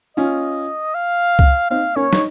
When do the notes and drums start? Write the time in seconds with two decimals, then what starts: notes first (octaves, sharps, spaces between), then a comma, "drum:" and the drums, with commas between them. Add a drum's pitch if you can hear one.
0.17 C#4 F4 D#5
0.94 F5
1.39 drum: kick C2
1.70 C4 D#4 F5
1.96 A#3 C#4 C#5
2.13 D#4, drum: snare